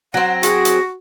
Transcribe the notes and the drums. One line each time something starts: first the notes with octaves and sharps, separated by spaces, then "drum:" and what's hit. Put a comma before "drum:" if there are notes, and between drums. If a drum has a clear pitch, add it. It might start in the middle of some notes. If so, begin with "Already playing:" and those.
F#3 C4 F#5 A#6
F#4 G#4, drum: hi-hat
drum: hi-hat